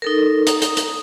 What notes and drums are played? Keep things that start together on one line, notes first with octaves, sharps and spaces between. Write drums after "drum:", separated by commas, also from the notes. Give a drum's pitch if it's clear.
D#4 A4 A#4
A#5 D#6, drum: hi-hat
drum: hi-hat
drum: hi-hat